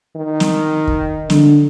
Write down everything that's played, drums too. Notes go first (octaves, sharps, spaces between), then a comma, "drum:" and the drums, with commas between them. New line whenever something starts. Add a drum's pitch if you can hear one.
D#3
drum: snare
drum: kick
D3, drum: snare